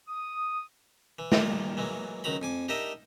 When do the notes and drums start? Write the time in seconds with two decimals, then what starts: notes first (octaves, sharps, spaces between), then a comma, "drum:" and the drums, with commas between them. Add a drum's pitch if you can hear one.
0.08 D#6
1.19 E3
1.32 D#3 G3 A#3 D4 F4, drum: snare
1.77 E3 F#3 G#3 A#3
2.24 C#2 D#3 F#3 A#5 B5
2.42 F2 G#5 D6
2.68 D4 D#4 G4 A#4 D#5 E5